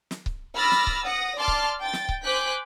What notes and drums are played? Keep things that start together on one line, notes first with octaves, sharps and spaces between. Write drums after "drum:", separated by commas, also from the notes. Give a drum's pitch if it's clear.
drum: snare
drum: kick C#1
B5 D6 E6 F6 A6 A#6
drum: snare
drum: kick C#1
F#5 D#6 A#6
D5 A5 C6 D6 F6 A6
drum: kick C#1
G5 A6
drum: snare
drum: kick C#1
C5 G#5 D6 F#6 G6 B6